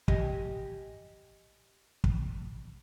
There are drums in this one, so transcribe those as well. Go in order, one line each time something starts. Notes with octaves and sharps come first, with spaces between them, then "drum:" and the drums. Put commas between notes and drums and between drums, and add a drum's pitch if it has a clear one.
G4 D#5 G#5, drum: kick
drum: kick